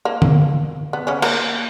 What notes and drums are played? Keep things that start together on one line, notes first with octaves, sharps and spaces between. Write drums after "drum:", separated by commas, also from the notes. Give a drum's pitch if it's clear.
A#3
drum: tom D3
B3
C#3 C#4
A#3 A#4, drum: cymbal